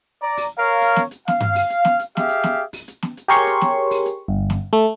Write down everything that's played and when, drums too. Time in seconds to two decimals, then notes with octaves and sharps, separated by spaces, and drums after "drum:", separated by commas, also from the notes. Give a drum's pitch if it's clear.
0.23 D5 A#5
0.37 drum: open hi-hat
0.58 A#4 C#5 F5
0.82 drum: hi-hat
0.96 drum: snare
1.11 drum: hi-hat
1.28 F5, drum: snare
1.40 drum: tom G2
1.55 drum: open hi-hat
1.70 drum: hi-hat
1.85 drum: snare
1.99 drum: hi-hat
2.17 G4 G#4 E5 F5, drum: snare
2.29 drum: hi-hat
2.44 drum: snare
2.73 drum: open hi-hat
2.88 drum: hi-hat
3.02 drum: snare
3.17 drum: hi-hat
3.28 G4 G#4 A#4 C#5 C6 C#6
3.47 drum: hi-hat
3.61 drum: snare
3.91 drum: open hi-hat
4.06 drum: hi-hat
4.28 G1
4.50 drum: snare
4.73 A3